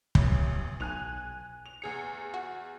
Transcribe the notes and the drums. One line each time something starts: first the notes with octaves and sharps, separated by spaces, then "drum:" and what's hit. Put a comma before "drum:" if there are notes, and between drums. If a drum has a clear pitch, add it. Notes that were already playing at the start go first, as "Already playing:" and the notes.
A1 D2 E3, drum: kick
B1 G#5 F#6 F7
F7
E2 G#4 C#7
F#4